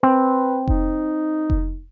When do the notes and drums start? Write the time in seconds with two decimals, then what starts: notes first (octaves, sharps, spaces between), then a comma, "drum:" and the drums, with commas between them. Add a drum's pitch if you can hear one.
0.03 C4 B4
0.68 D#4, drum: kick F1
1.50 drum: kick F1